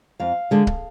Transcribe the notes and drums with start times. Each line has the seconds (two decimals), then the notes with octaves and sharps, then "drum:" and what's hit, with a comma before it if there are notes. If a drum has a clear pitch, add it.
0.20 F2 F5
0.51 D3 G#3
0.67 drum: kick C#1